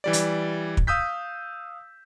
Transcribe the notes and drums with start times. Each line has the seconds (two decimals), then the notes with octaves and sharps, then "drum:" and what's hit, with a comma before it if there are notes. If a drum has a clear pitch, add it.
0.04 E3 G3 D5
0.13 drum: hi-hat
0.77 drum: kick
0.87 F5 D#6 E6 G6 B6